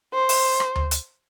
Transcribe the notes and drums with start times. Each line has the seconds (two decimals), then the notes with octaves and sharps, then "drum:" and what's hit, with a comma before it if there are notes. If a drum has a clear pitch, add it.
0.14 C5
0.29 drum: open hi-hat
0.60 drum: rim click
0.76 drum: tom D2
0.91 drum: hi-hat